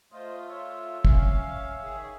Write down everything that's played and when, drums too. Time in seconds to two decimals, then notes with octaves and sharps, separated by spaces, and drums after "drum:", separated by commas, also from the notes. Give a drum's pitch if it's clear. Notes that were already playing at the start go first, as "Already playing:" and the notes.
0.12 A3 F4 C5 D#5
0.48 C#5 E5
1.05 C#4 F5, drum: kick
1.83 D#3 G#4